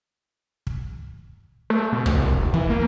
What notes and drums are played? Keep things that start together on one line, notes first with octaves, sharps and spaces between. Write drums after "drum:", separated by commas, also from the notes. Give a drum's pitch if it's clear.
drum: kick
A3
B2
D2, drum: tom
C2
F1
E3, drum: kick
A#3